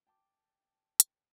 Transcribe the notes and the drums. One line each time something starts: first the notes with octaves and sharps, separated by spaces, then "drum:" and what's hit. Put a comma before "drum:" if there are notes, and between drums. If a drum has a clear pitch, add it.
G5 A5 D6
drum: hi-hat